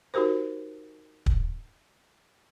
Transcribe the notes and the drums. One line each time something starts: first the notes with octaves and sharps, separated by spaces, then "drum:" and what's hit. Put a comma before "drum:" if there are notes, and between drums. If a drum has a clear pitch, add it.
D#4 F#4 G4 A#4 C5
drum: kick